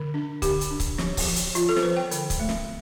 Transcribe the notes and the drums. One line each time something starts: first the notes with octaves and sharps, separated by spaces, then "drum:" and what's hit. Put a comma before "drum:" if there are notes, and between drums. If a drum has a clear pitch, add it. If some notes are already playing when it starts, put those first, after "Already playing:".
Already playing: D3
D4
D3 G4, drum: kick C#1, hi-hat
drum: hi-hat
D4
drum: kick C#1, hi-hat
F3, drum: snare
drum: kick C#1, open hi-hat
F3
drum: hi-hat
F3 F4, drum: hi-hat
A4
C5, drum: snare
F3 B4
G5
D3, drum: hi-hat
drum: kick C#1, hi-hat
A3
drum: snare